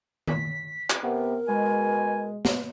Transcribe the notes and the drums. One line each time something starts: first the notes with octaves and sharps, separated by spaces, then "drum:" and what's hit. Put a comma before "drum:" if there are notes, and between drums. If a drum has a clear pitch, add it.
B6, drum: tom D#3
drum: clap
C3 B3 A#4
B2 G#3 G#5
drum: snare